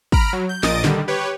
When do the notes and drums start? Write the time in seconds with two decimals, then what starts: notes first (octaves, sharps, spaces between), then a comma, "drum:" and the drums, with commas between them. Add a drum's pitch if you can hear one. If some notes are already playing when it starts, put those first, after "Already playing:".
0.12 A#5 B5 F6 D7, drum: kick
0.33 F#3
0.49 G6
0.63 A#1 A#2 D#5 D#6 A6 D7, drum: snare
0.84 D3 D#3 G3, drum: snare
1.08 G4 B4 C#5